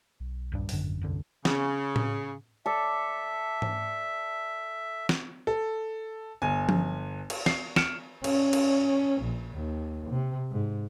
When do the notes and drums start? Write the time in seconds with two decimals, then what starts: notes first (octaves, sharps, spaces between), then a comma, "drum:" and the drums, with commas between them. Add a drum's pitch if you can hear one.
0.20 B1
0.52 D#1 G2 D4
0.69 D1 G#1 F#2 D3, drum: open hi-hat
1.01 E1 C2 D3
1.45 C#3, drum: snare
1.96 drum: tom A2
2.66 A4 D5 E5
3.62 drum: tom G#2
5.09 drum: snare
5.47 A4
6.42 G1 G#5
6.69 drum: tom F3
7.30 drum: cymbal
7.46 C7, drum: snare
7.76 F6 C#7 D7 E7, drum: snare
8.24 C#4, drum: cymbal
8.53 drum: cymbal
9.22 A#1
9.53 D#2
10.10 C3
10.51 G#2